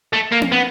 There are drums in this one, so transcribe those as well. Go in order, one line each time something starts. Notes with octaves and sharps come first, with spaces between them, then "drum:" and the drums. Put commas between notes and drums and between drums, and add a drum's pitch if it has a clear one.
A3
A#3
drum: tom C4
B3